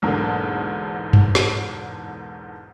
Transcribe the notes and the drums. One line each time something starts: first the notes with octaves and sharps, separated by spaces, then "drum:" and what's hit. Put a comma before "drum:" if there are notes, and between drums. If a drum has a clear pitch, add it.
B1 E2 G#2 D3 A#3
drum: tom F#2
drum: snare